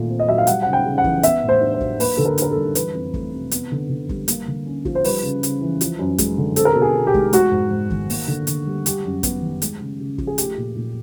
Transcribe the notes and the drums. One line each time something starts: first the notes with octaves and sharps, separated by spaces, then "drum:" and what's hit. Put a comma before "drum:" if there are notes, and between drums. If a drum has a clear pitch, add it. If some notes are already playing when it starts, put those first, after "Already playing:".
Already playing: A#2 D#3 A3
C4
D#5
F#3 E5
F5
G3 F#5, drum: hi-hat
C#3 F#5
G5
C#3
F#5
E3, drum: kick
B3 E5, drum: hi-hat
A2
C5
D4
C5
F#3, drum: kick
A#3 B4, drum: open hi-hat
D3 A4
A#4
D4 A#4, drum: hi-hat
A4
G3
E3 B4, drum: hi-hat
F2
A3, drum: kick
C3
B3, drum: hi-hat
D3
D3
G3, drum: kick
A#3, drum: hi-hat
D3
C#4
F3, drum: kick
C5
G3 B4, drum: open hi-hat
C#3
C#3, drum: hi-hat
E3
F3, drum: hi-hat
F#2
G#3, drum: kick, hi-hat
D3
C4 A4, drum: hi-hat
A#4
B2 A4
G#4
B2
G4
G#3, drum: kick
G#3 F#4, drum: hi-hat
G#2
G#2
D#3, drum: kick
A#3, drum: open hi-hat
D3
D3, drum: hi-hat
G3
G3 G4, drum: hi-hat
F#2
B3, drum: kick, hi-hat
D#3
G#3, drum: hi-hat
C#3
C#3
F3, drum: kick
G#4
A3 G4, drum: hi-hat
A#2
A#2